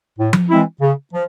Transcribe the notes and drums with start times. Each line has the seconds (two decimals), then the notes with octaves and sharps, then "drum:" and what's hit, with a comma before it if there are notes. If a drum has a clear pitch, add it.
0.19 A2
0.33 drum: tom F3
0.49 E3 G#3 C4 E4
0.81 C#3
1.12 F3